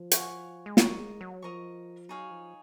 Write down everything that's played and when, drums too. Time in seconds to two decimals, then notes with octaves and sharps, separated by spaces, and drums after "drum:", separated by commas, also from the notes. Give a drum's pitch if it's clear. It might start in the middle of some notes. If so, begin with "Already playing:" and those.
Already playing: F3
0.11 F#4 C#5 F5 G#5, drum: hi-hat
0.66 G#3
0.77 F#3 A#4 D#5 A#5 C#6, drum: snare
0.98 G#3
1.21 F#3
1.42 F3 A#4 D#5 A#5 C#6
2.09 F#3 D#4 G#4 C#5 F5
2.31 F3